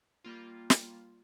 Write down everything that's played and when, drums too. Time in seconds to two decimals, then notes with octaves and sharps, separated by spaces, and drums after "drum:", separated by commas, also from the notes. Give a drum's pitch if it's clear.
0.24 G3 A#3 F4
0.70 drum: snare